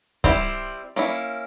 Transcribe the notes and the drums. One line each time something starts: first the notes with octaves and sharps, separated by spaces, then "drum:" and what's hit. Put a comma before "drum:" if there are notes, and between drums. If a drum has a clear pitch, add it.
G3 C4 E4, drum: kick
A#3 C#4 E4